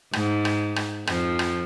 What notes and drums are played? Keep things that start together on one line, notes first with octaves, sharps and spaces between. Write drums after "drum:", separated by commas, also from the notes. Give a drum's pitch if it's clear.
G#2, drum: rim click
drum: rim click
drum: rim click
F2 F3, drum: rim click
drum: rim click